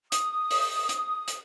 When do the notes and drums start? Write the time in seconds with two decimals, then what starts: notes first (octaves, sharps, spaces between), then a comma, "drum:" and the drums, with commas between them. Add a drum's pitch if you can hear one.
0.12 D#6, drum: hi-hat
0.51 drum: open hi-hat
0.89 drum: hi-hat
1.28 drum: hi-hat